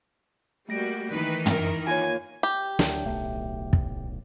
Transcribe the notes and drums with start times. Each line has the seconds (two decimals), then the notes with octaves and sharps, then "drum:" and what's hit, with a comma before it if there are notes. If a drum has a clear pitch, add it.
0.69 G3 A3 A#3 F#4 A#6 D7
1.11 D#3 E3 B4
1.46 A#4, drum: tom
1.87 A#3 F4 C#5 G#5
2.43 G4
2.79 D2 F#3 D4, drum: snare
3.06 D1 B1 A3
3.73 drum: kick